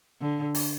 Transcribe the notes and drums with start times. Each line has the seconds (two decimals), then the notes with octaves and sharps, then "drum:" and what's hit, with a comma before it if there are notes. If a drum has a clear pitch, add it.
0.21 D3
0.55 drum: open hi-hat